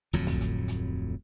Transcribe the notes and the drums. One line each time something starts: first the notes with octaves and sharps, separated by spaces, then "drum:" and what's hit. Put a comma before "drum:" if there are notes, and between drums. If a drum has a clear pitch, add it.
D1 F2 A2 F#3
drum: kick, open hi-hat
drum: hi-hat
drum: hi-hat